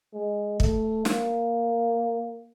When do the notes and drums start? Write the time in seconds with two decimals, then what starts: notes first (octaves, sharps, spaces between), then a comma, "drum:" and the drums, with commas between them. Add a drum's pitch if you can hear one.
0.14 G#3
0.60 A3, drum: kick
1.05 A#3, drum: snare